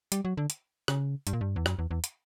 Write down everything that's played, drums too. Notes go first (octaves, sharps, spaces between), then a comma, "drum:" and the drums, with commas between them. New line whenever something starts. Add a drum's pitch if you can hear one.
G3, drum: hi-hat
F#3
D3
drum: hi-hat
C#3, drum: rim click
G2, drum: hi-hat
A#2
G2
E2
F#2, drum: rim click
E2
E2
drum: hi-hat